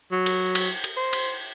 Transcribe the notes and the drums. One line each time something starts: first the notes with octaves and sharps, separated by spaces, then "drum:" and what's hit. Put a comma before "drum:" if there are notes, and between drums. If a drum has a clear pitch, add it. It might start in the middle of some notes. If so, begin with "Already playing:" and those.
F#3
drum: cymbal
drum: cymbal
drum: cymbal
C5
drum: cymbal